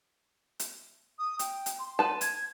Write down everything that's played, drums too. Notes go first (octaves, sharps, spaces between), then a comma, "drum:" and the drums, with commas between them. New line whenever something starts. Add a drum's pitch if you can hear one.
drum: hi-hat
D#6
G5, drum: hi-hat
drum: hi-hat
C6
B4 A5
G#6, drum: hi-hat